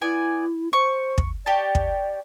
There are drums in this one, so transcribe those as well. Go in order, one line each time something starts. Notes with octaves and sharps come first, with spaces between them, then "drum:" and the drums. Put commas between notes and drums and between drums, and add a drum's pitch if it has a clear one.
B3 E4 D5 G#5
C5 C#6
drum: kick
G4 C#5 D5 A5
drum: kick